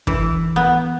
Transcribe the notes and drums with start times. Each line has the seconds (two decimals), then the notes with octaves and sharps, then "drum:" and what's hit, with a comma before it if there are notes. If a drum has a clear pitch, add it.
0.07 E3, drum: kick
0.56 B3